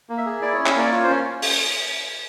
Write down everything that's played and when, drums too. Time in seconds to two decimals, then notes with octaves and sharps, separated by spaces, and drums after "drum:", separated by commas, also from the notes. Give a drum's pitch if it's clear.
0.09 A#3
0.18 E5
0.26 G#4
0.42 E4 D5
0.54 C#5
0.59 C#4
0.66 C#5, drum: clap
0.76 A#3 D5
0.92 F4 C#5
1.03 C5
1.07 C#4 C#5
1.42 drum: open hi-hat